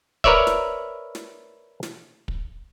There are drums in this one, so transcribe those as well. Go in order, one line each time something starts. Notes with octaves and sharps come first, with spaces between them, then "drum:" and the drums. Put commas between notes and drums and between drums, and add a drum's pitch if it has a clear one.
A#4 B4 C#5 D5 E5, drum: kick
drum: snare
drum: snare
drum: snare
drum: kick